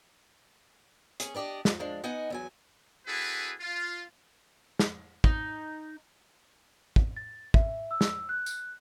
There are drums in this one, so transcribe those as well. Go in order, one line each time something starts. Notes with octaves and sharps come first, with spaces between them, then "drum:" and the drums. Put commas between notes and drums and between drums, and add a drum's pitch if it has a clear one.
C#4 G#4, drum: hi-hat
B3 D4 G4 D5 D#5
F3, drum: snare
F3 G#3 D4
B3 D#4 D#5 F#5 G#5
E2 F#3 G#5
C4 E4 F#4 G#4 A4 B4
F4
drum: snare
D#4, drum: kick
drum: kick
A6
E5, drum: kick
E6
drum: snare
F#6
drum: tambourine